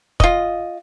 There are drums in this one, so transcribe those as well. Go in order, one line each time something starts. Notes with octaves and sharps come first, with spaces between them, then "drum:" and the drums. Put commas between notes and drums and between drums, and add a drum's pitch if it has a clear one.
F4 D#5, drum: kick